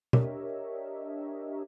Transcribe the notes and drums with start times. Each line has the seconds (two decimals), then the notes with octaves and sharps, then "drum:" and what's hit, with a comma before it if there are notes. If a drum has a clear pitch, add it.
0.13 D4 G4 A#4 C#5 D#5 E5, drum: tom B2